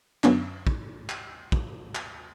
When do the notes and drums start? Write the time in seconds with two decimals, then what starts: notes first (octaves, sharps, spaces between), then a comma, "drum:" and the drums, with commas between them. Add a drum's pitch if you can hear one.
0.24 F#2 D3 B3 C#4 D4, drum: clap
0.67 drum: kick
1.09 drum: clap
1.52 drum: kick
1.95 drum: clap